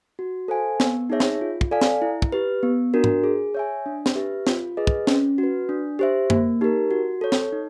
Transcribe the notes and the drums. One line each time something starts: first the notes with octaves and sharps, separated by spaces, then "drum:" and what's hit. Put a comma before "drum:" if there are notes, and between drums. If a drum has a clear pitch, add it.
F#4
A4 C5 F5 G#5
B3, drum: snare
D#4 G#4 C#5 E5
drum: snare
F4
drum: kick
A4 D5 F5 G#5
drum: snare
E4
drum: kick
G4 B4
B3
D4 F#4 A#4
drum: tom
G#4
C#5 E5 G#5
D4
drum: snare
G4 B4 E5
F4, drum: snare
G#4 B4 D#5
drum: kick
C#4, drum: snare
F#4
B4
D4
G4 C5 E5
A#3, drum: tom F#2
D#4 G4 A#4
F#4
A4 C#5
drum: snare
D#4